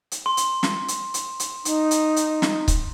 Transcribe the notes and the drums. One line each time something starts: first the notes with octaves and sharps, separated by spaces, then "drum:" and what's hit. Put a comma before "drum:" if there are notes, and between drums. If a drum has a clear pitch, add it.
drum: hi-hat
C6
drum: hi-hat
drum: snare
drum: hi-hat
drum: hi-hat
drum: hi-hat
D#4, drum: hi-hat
drum: hi-hat
drum: hi-hat
drum: snare
drum: kick C#1, hi-hat